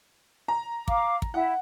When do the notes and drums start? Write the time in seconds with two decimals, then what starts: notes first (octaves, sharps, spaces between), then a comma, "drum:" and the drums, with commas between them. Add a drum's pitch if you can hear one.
0.48 A#5
0.88 F5 D6, drum: kick
1.22 drum: kick
1.34 E4 F#5